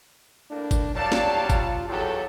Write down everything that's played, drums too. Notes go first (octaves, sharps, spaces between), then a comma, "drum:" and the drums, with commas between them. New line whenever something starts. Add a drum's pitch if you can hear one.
A2 A#3 D4
drum: kick, tambourine
F#3 G3 D5 F5 A5
drum: snare
F4, drum: kick, tambourine
E2 F#3 G4 A4